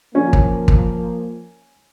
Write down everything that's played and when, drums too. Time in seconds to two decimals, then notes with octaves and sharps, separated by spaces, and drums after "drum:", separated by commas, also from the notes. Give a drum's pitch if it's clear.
0.15 F3 A#3 C#4
0.33 drum: kick
0.68 drum: kick